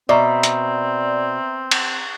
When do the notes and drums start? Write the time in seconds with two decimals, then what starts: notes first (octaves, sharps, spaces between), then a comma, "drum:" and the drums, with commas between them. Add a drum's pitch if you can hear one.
0.09 B2 C4 D5 E5 A#5
0.43 drum: hi-hat
1.71 drum: cymbal